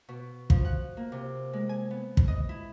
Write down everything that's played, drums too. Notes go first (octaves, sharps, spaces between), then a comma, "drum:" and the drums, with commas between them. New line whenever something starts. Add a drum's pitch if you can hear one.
B2
F3, drum: kick
F#5
A#3
C3
G#3
G#5
B3
drum: kick
D#5
E4